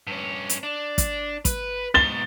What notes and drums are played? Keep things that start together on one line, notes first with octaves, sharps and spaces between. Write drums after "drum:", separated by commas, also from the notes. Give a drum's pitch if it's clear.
G2 C#4
drum: hi-hat
D4
drum: kick, hi-hat
B4, drum: kick, hi-hat
G#2 B2 A6 G7